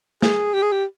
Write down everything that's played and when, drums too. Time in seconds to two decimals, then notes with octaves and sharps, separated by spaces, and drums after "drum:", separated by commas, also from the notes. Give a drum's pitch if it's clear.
0.22 G#4, drum: snare
0.53 G4
0.62 G#4
0.72 G4